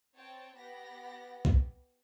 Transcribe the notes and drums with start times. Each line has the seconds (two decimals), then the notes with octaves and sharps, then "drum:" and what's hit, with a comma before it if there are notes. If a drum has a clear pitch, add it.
0.15 C4 C#5 G5 A5
0.55 B3 G4 F#5 B5 A#6
1.45 drum: kick B1